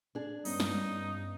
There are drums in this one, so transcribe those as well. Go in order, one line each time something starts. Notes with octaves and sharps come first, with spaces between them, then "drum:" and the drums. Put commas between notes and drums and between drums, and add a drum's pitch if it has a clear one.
D4 G#4
G2 G3 B3 C#4 D#4, drum: open hi-hat
drum: snare